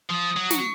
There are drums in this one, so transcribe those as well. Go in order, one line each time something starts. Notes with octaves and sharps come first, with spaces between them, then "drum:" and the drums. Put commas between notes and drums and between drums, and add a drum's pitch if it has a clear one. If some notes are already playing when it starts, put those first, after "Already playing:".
F3 D#6
F#3
C#6, drum: snare